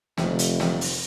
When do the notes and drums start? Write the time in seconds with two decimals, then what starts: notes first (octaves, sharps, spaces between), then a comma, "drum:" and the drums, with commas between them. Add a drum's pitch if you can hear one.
0.18 F1, drum: snare
0.39 drum: hi-hat
0.60 drum: snare
0.81 drum: open hi-hat